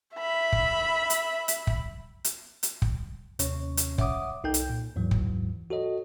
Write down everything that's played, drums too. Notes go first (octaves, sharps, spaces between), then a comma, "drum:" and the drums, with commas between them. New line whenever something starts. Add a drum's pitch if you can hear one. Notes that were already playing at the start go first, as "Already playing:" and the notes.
E5 B5
drum: kick
drum: hi-hat
drum: hi-hat
drum: kick
drum: hi-hat
drum: hi-hat
drum: kick
D#2 C3 C#4 C#5 C#6, drum: hi-hat
drum: hi-hat
C#5 E5 F#5 D6 D#6, drum: kick
C2 D#4 A4 G5 G6
drum: hi-hat
A#2
D#2 G#2 E3 F#3
drum: kick
F#4 A4 C#5 D#5